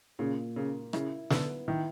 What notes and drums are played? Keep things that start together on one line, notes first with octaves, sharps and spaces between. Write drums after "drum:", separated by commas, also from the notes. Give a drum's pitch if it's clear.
A#2 C#3
C#3 A#3
C#3 E4, drum: rim click
D3 B3, drum: snare
D#3 E4